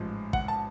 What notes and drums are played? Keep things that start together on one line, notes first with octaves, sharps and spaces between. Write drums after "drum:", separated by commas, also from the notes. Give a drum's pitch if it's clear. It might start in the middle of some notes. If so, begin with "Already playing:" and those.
Already playing: A1 G#2 F3
F#5, drum: kick
A5